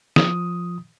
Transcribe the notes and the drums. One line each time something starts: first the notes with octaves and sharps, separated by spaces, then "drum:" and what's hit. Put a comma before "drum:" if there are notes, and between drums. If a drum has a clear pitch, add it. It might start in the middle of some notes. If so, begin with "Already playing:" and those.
F3 D#6, drum: snare